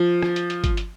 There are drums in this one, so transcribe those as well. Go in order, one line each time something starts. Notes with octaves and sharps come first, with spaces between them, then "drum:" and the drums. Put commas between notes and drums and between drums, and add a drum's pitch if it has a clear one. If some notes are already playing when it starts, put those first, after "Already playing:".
Already playing: F3
drum: rim click
drum: hi-hat
drum: hi-hat
drum: kick G1, hi-hat
drum: hi-hat